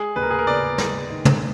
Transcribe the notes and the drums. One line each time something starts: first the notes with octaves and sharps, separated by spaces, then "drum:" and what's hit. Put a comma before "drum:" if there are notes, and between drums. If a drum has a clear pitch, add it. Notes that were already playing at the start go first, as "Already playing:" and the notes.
Already playing: G#3 G#4
D#2 B4
A#4
G#4
A#4
B3 D5
G#3, drum: snare
D#3
drum: tom